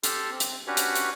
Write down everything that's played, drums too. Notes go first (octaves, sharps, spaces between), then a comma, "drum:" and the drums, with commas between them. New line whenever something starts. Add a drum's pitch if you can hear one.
G4 A4 A5 C6 F6, drum: hi-hat
C4
drum: hi-hat
C#4 D4 F#4 G4 B4 C#5
drum: hi-hat
drum: hi-hat